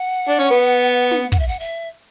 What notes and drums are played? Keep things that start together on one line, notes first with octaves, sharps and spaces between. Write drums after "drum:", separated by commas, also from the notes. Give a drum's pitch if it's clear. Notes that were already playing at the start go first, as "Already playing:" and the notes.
Already playing: F#5
D4
C#4
B3
drum: snare
F#5, drum: kick
E5
F#5
E5